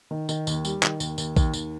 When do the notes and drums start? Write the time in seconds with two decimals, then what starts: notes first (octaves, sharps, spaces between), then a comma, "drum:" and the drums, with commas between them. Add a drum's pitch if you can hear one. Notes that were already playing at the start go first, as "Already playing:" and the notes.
0.11 D#3
0.29 D#3, drum: tambourine
0.47 D#2, drum: tambourine
0.65 G3, drum: tambourine
0.83 D#3, drum: clap
1.00 D#2, drum: tambourine
1.18 D#2, drum: tambourine
1.36 D#2, drum: kick A#1, tambourine
1.54 D#2, drum: tambourine